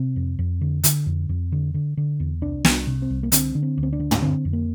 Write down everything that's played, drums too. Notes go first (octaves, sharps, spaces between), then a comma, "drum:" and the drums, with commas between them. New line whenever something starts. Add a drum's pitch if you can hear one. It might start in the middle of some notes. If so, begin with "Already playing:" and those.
Already playing: C3 C4
F2
F2
D3
D3, drum: hi-hat
F2
F2
D3
D3
D3
E2
C2 D4
C2, drum: snare
D4
C3
C4
C2
A#3
D3 C4, drum: hi-hat
D3
C4
D2
C4
D4
D3
drum: tom
D3 C4
F2
A#3